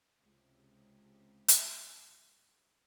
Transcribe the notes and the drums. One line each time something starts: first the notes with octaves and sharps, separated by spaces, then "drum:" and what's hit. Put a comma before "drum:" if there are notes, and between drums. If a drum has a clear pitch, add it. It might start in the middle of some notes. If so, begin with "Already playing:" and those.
C#2 C3
drum: hi-hat